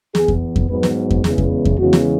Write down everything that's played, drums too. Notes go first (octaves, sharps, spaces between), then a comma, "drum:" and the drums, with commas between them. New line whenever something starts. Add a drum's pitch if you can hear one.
E2 E3 B3 G#4, drum: snare
drum: kick F2
drum: kick F2
G#2 F#3 B3 B4
drum: snare
drum: kick F2
E2 C#3 E3 G#3 B3 G#4, drum: snare
drum: kick F2
drum: kick F2
E2 C#3 E3 G#3 B3 F#4
drum: snare